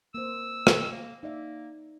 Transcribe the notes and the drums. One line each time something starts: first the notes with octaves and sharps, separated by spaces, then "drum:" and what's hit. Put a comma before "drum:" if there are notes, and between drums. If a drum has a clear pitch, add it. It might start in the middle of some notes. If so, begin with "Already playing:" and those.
A#3 C5 E6
drum: rim click
A#3
A#3 D#4 D5 E5